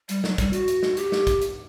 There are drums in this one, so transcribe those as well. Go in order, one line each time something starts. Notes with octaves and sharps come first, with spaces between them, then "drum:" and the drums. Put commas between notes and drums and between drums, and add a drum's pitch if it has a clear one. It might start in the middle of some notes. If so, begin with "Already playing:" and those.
G3, drum: hi-hat
F#3, drum: snare
G3, drum: kick, hi-hat
F#4, drum: hi-hat
drum: hi-hat
drum: snare
G4, drum: hi-hat
drum: snare
drum: kick, hi-hat
drum: hi-hat